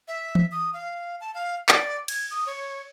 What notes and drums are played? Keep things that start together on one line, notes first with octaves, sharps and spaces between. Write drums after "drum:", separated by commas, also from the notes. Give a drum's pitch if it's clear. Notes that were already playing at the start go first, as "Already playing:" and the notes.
E5
drum: tom E3
D#6
F5
A5
F5
D5, drum: clap
G#6, drum: cymbal
D#6
C#5